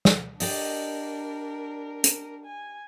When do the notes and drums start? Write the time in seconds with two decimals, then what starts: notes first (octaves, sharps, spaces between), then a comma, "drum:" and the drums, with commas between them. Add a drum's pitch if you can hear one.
0.05 drum: snare
0.40 D4 G4 A#4 D5 D#5, drum: open hi-hat
2.04 drum: hi-hat
2.45 G#5